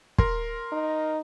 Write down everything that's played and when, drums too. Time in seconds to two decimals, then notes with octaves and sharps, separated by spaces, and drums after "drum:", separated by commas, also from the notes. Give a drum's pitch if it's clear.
0.18 A#4 C6, drum: kick
0.72 D#4